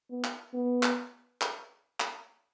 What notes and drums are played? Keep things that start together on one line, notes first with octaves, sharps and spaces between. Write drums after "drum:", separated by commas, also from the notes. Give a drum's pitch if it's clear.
B3
drum: clap
B3
drum: clap
drum: clap
drum: clap